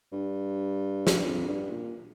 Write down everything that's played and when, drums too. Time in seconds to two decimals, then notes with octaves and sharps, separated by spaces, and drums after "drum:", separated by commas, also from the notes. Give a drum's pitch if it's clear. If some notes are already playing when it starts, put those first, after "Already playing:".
0.12 G2
1.07 drum: snare
1.25 F2
1.48 G2
1.71 A#2